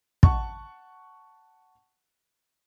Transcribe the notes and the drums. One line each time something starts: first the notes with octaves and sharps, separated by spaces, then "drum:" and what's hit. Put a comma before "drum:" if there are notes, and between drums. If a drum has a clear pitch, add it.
F#5 A5 C#6, drum: kick